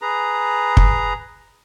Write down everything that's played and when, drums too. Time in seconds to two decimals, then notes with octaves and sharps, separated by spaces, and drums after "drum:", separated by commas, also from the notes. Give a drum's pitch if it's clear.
0.02 G#4 B4 A#5
0.77 drum: kick